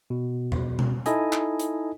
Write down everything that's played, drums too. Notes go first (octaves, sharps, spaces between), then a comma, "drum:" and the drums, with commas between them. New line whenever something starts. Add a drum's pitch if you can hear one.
B2
drum: tom E2
drum: tom B2
D#4 E4 A4 D#5 G#5, drum: hi-hat
drum: clap
drum: hi-hat